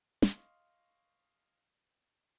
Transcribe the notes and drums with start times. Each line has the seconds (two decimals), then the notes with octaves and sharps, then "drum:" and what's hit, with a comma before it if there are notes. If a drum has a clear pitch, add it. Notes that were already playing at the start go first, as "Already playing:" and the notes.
0.22 D#5 F5 C6 C#6, drum: snare